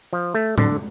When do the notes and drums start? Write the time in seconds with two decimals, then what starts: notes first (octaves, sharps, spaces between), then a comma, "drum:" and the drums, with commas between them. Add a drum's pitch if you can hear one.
0.13 F3
0.34 A3
0.58 D3, drum: tom A2